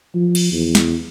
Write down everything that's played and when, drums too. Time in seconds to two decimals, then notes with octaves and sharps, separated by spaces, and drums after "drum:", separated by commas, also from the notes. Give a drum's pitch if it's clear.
0.15 F3
0.35 drum: cymbal
0.52 E2
0.75 drum: snare